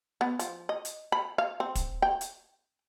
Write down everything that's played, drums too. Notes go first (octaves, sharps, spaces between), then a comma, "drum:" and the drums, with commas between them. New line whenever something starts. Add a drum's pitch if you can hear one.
B3
F3, drum: hi-hat
D#5
drum: hi-hat
B5
F5
C4
drum: kick, hi-hat
G5
drum: hi-hat